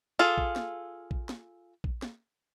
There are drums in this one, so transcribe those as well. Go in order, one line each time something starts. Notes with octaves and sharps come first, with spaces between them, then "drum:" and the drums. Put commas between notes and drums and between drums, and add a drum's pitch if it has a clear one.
F4 G#4 A4
drum: kick A#1
drum: snare
drum: kick A#1
drum: snare
drum: kick A#1
drum: snare